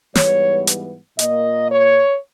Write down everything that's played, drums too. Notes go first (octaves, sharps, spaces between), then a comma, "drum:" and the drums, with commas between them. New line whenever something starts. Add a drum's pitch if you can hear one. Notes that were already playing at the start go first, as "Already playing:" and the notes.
G#2 E3 G3 B3 C#5, drum: snare
drum: hi-hat
A#2 A#3 D#5, drum: hi-hat
C#5